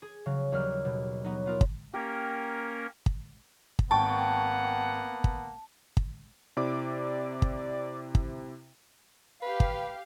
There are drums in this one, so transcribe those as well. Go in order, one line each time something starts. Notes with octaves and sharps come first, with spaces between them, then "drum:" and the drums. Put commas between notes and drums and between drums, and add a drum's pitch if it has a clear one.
G#4
C#3 F#3
D#2 F#3 G3 F6
B2
F#3 B3 D#4
B3 F4 A#4
drum: kick
A#3 C#4 G4 A#4
drum: kick
drum: kick
G#1 A#3 B3 F#5 G5 A5 C#6
drum: kick
drum: kick
C3 E4 D5 D6
drum: kick
drum: kick
G4 B4 F5
drum: kick